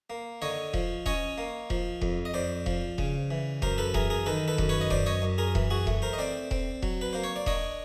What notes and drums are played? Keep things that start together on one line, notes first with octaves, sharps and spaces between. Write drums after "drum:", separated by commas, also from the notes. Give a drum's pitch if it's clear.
A#3
D3 C#5 D#5
F3, drum: kick E1
C#4 C#5 D#5, drum: kick E1
A#3
F3, drum: kick E1
F2, drum: kick E1
D#5
F2 C5 D5
F3, drum: kick E1
C#3, drum: kick E1
E3
F#2 A#4 C5, drum: kick E1
A4 B4
E3 G#4 A#4, drum: kick E1
G#4 A#4
D#3 A4 B4
A4 B4
F#2, drum: kick E1
B4 C#5
D#5
F#2 C5 D5, drum: kick E1
C#5 D#5
F#2
G#4 A#4
E3, drum: kick E1
F#4 G#4
A3, drum: kick E1
A#4 C5
D#5
C4 C5 D5
C4, drum: kick E1
F#3, drum: kick E1
B4
A#3 C5
C#5
D5
D4 C#5 D#5, drum: kick E1